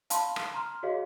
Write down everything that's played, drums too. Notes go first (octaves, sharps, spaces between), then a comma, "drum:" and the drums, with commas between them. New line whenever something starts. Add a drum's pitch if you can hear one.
F5 A5 B5 C6, drum: hi-hat
drum: rim click
A#5 C6 F6
F#4 G#4 C#5 D#5 F5